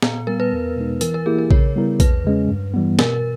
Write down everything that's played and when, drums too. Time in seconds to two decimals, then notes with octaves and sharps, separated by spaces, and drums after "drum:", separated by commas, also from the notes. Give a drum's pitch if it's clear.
0.02 A#2 B3, drum: snare
0.27 G3 B3 A#4
0.40 B4
0.52 E2
0.76 B2 G#3 D#4
1.01 E3 A#4, drum: hi-hat
1.14 A#4
1.26 A#3 E4 G4 G#4
1.38 A#4
1.51 C#3 C#5, drum: kick A#1
1.76 G3 B3 E4 A#4
2.00 E2 B4, drum: kick A#1, hi-hat
2.25 C#3 G#3 C#4
2.49 G2
2.74 E3 G3 B3
2.99 B2 A#4, drum: snare